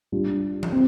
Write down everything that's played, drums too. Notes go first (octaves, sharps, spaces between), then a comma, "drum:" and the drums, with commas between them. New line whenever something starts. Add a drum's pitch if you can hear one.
G3 D4 F4
drum: tom E3
C4